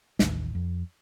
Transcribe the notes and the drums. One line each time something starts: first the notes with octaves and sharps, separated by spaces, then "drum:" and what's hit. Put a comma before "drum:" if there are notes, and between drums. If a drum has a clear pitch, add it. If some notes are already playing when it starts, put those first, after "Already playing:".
A1 D#2, drum: snare
F2